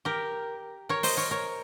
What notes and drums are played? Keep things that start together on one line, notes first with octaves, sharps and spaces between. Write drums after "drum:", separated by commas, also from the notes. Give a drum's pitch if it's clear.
G4 A#4
A#4 C#5
C5 D#5, drum: open hi-hat
A#4 C#5
A#4 C#5